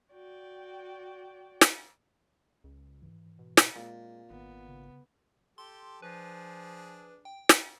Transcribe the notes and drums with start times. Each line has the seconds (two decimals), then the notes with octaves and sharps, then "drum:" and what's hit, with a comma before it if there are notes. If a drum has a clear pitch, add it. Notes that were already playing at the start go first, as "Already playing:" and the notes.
0.11 F#4 D5 G5
1.61 drum: snare
2.64 C#2
3.01 G#2 E3
3.39 B2
3.57 drum: snare
3.76 A#2 G#3 C4
4.30 G#1 B3
4.68 C#3
5.58 G4 A4 C6
6.02 F3 D4 G#4 B4
7.25 G5
7.49 drum: snare